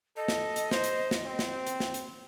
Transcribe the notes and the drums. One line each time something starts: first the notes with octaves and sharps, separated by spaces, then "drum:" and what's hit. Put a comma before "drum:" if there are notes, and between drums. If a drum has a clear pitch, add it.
A4 D#5
drum: snare
drum: hi-hat
C5, drum: snare
drum: hi-hat
drum: snare
C4
drum: snare
drum: hi-hat
drum: snare
drum: hi-hat